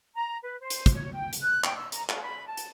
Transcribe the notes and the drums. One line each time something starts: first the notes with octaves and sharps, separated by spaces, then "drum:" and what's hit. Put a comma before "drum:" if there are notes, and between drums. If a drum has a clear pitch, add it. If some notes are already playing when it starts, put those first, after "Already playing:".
A#5
B4
C5
drum: hi-hat
drum: kick, hi-hat
C#5
G5
drum: hi-hat
F#6
G5, drum: clap
E6
A#5, drum: hi-hat
F5, drum: clap
B5
A5
drum: hi-hat